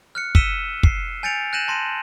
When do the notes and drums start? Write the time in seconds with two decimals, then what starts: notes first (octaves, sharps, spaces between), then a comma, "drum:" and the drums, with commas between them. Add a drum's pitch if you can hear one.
0.15 F6 F#6 C#7
0.35 E6 B6 C#7 D#7 E7 G7, drum: kick
0.83 C7, drum: kick
1.23 G#5 G6 A6 C#7 D7 F7
1.53 F#6 G6 A#6 D#7 E7 F#7
1.68 A5 C6 A#6 D#7